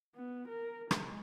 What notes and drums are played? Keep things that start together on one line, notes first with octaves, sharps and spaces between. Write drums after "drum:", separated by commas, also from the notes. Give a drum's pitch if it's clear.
B3
A#4
G#3, drum: rim click